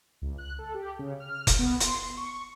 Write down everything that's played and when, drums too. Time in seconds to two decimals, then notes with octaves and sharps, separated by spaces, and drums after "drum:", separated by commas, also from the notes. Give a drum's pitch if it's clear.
0.22 C#2
0.38 F#6
0.59 A4
0.75 G4
0.99 C#3
1.20 F6
1.47 drum: kick F1, hi-hat
1.59 B3
1.80 C6, drum: hi-hat
2.17 C#6